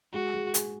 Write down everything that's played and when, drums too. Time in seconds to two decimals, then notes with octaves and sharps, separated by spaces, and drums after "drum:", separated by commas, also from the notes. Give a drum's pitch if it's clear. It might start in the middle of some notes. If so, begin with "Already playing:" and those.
0.13 G#3 F#4
0.34 G#3
0.54 G#4, drum: hi-hat